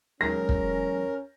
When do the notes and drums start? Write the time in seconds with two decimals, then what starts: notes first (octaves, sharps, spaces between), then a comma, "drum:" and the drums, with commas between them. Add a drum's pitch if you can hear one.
0.21 E2 F#3 G#3 C#4 A#4 A#6
0.49 drum: kick